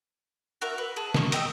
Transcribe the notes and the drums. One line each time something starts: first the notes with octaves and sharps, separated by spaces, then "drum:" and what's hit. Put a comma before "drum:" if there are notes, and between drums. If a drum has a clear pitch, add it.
F#4 A#4 E5 A#5
B4
G#4 A5
A#5 C#6, drum: snare
D#5 G5 B5 E6, drum: hi-hat